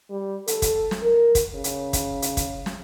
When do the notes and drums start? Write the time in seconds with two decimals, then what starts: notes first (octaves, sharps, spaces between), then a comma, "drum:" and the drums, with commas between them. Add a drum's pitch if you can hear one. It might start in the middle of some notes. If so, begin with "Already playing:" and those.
0.10 G3
0.47 A4, drum: hi-hat
0.62 drum: kick, hi-hat
0.91 drum: snare
1.02 A#4
1.35 drum: kick, hi-hat
1.55 C#3
1.64 drum: hi-hat
1.93 drum: kick, hi-hat
2.22 drum: hi-hat
2.37 drum: kick, hi-hat
2.66 drum: snare